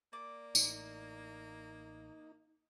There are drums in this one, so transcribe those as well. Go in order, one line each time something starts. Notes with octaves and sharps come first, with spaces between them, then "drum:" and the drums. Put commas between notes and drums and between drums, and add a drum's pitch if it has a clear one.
A#3 D5
A1 A2 D#4, drum: tambourine